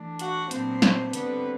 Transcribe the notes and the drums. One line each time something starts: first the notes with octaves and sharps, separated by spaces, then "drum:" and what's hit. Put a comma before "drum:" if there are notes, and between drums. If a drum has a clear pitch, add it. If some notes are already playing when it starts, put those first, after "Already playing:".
Already playing: E3 A3 D4
F#4 F#5, drum: hi-hat
A#2 F#3 B3 C4 D4 C5, drum: hi-hat
drum: snare
D3 G3 B3 C4 B4, drum: hi-hat